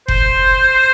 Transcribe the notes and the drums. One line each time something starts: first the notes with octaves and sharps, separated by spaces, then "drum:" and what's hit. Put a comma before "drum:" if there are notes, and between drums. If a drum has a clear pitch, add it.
C5, drum: kick F#1